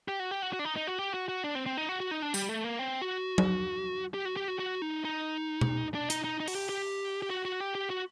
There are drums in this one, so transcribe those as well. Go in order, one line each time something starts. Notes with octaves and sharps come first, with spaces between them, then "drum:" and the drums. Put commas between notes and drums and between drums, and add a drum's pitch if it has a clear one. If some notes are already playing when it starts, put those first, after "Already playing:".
G4
F#4
G4
F#4
F#4
D4
D#4
D#4
F#4
G4
F#4
F#4
D4
C4
C4
D#4
F#4
F#4
D#4
D4
G3, drum: tambourine
A3
A#3
C4
F#4
drum: tom F#3
G4
F#4
G4
F#4
F#4
D#4
D#4
drum: tom B2
D4
D#4, drum: hi-hat
D#4
D#4
F#4, drum: open hi-hat
G4
G4
G4
F#4
F#4
G4
G4
F#4